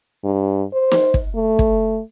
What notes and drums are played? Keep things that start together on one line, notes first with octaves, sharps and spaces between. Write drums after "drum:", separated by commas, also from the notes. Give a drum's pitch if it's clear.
G2
C5
drum: snare
drum: kick
A3
drum: kick